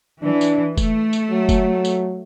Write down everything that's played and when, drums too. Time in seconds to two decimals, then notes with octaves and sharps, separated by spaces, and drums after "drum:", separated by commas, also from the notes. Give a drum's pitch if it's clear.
0.23 E3 D4
0.41 drum: tambourine
0.78 A3, drum: kick F1, tambourine
1.13 drum: tambourine
1.31 F#3
1.49 drum: kick F1, tambourine
1.85 drum: tambourine